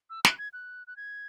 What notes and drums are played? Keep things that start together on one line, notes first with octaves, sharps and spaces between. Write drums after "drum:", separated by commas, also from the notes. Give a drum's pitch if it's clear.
E6
F#6, drum: snare
G#6
F#6
F#6
G#6